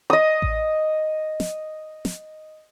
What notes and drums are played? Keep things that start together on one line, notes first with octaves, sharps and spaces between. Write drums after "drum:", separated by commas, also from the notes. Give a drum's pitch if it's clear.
D#5 D#6
drum: kick A1
drum: snare
drum: snare